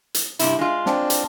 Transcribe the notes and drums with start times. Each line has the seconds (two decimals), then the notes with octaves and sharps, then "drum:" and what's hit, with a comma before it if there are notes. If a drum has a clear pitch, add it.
0.14 drum: hi-hat
0.39 G2 C3 E4, drum: hi-hat
0.59 G#3 F4
0.86 C4 D4, drum: snare
1.10 drum: hi-hat